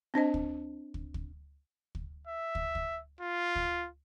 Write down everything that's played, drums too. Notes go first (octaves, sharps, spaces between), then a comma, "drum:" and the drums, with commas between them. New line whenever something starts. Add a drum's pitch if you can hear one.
C4 D4 C5 D#5
drum: kick
drum: kick
drum: kick
drum: kick
E5
drum: kick
drum: kick
F4
drum: kick